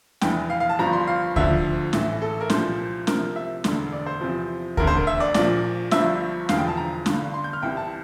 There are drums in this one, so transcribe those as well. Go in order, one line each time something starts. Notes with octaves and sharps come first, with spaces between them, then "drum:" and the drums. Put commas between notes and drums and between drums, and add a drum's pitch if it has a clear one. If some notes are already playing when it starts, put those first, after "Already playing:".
F1 E2 E3 G5, drum: snare
F5
F5
A5
G1 G2 F3 A#5
C6
F5
D2 D3 F3 E5, drum: kick D2
A1 A2 E3, drum: snare
A4
A#4
C2 A#2 F3 C5, drum: snare
C2 C3 F3 A#4, drum: snare
E5
E1 D2 D3, drum: snare
D5
C5
E2 C3 F3
E1 D2 D3 A#4, drum: kick D2
C5
A#4
E5
D5
A#1 A#2 F3 D5, drum: snare
G1 G2 F3 E5, drum: snare
E1 E2 D3 F3 F5, drum: snare
G5
A5
A#5
G1 G2 D3, drum: snare
C6
G6
F6
C2 C3 E3 G5
A5